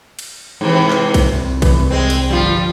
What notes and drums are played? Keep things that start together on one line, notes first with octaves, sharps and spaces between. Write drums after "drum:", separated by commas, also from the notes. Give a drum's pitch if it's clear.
drum: cymbal
G#2 C3 E3
drum: clap
drum: kick B1, cymbal
C2
E3, drum: kick B1, cymbal
G#3 C4
drum: cymbal
G1 F3 G3 F4